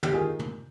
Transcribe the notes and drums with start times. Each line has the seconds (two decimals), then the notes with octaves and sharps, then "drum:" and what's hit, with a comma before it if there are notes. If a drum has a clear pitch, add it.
0.03 G4, drum: tom
0.13 D#3 F4 G#4
0.39 drum: tom